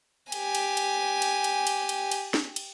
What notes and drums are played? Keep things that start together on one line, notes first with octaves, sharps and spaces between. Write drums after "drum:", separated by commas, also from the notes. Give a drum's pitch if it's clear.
G4 G#5, drum: cymbal
drum: cymbal
drum: cymbal
drum: cymbal
drum: cymbal
drum: cymbal
drum: cymbal
drum: cymbal
drum: snare
drum: cymbal